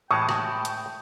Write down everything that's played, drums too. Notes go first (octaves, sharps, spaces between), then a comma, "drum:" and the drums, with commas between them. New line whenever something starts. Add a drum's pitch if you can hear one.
A2 E3 G#3 G5 A5 C#6 D#6
drum: rim click
drum: hi-hat